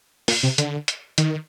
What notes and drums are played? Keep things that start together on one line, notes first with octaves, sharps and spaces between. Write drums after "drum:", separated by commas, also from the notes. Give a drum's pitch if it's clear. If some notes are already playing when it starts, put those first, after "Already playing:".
A#2, drum: open hi-hat
C3
D3, drum: hi-hat
drum: hi-hat
D#3, drum: hi-hat